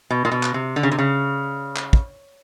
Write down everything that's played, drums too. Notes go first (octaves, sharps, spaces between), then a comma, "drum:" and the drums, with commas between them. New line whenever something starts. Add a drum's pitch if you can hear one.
B2
A#2
B2
drum: clap
C3
D3
C#3
C3
C#3
drum: clap
drum: kick